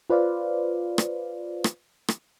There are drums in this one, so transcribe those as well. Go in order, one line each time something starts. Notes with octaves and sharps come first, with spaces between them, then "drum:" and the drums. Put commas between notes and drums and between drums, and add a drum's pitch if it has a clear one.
F4 B4 C5 D5 F5
drum: rim click
drum: rim click
drum: rim click